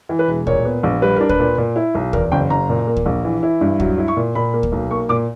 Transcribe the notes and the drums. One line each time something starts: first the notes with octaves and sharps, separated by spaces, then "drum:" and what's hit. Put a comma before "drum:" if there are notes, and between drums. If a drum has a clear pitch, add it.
E3
B4
E1
A#2 C#5, drum: kick
B3
A#1
G3 B4
D4 A#4
B4, drum: kick
A#2
A#2
E4
B1
E2 A#4, drum: kick
F#1 G5
F#1 A#5
A#2
A#3
drum: kick
A#1
E3
E4
G2
F#3, drum: kick
E4
C#6
A#2
A#2 B5
A#3
drum: kick
B1
A#3 C#6
A#2 D6